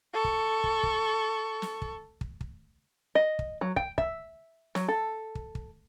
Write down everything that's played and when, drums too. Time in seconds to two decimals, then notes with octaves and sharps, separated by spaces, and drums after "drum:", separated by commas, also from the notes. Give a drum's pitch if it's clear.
0.13 A4 C#6
0.24 drum: kick
0.64 drum: kick
0.83 drum: kick
1.62 drum: snare
1.82 drum: kick
2.21 drum: kick
2.41 drum: kick
3.15 D#5
3.39 drum: kick
3.61 F#3
3.76 G5, drum: kick
3.98 E5, drum: kick
4.75 F#3, drum: snare
4.88 A4
5.35 drum: kick
5.55 drum: kick